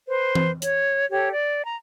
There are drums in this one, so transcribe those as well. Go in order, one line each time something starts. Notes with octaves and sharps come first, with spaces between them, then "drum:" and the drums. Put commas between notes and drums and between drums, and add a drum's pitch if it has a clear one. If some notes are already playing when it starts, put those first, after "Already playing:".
B4 C5
drum: tom E3
C#5, drum: hi-hat
G4 A4 C#5
D5
A#5